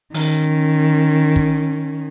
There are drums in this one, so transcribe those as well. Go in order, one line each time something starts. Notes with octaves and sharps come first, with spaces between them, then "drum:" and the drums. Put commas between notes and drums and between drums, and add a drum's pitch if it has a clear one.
D#3 C#4, drum: open hi-hat
drum: kick